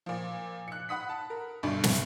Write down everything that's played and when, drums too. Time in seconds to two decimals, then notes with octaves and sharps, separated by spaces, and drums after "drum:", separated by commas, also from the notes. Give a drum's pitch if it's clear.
0.06 A#2 F3
0.68 F#6 C#7
0.89 F#5 B5 D#6 B6
1.09 A5
1.30 A#4
1.63 G1 D2 G2 B2 D3
1.84 drum: snare